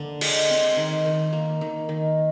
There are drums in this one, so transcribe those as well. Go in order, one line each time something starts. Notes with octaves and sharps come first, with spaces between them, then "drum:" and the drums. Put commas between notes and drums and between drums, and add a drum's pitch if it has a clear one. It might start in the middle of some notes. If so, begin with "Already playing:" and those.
Already playing: D3 A#3
G#3, drum: cymbal
C4
D#3
D#3
A#3
D#3
D#3